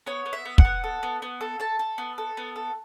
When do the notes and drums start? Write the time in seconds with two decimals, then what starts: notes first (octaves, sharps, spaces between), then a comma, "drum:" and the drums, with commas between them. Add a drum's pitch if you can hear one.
0.06 B3 C#5
0.26 B3
0.33 E5
0.45 B3
0.58 F#5, drum: kick
0.65 B3
0.84 A4
1.03 B3
1.22 B3
1.41 A4
1.60 A4 A5
1.79 A4
1.98 B3
2.18 A4
2.37 B3
2.56 A4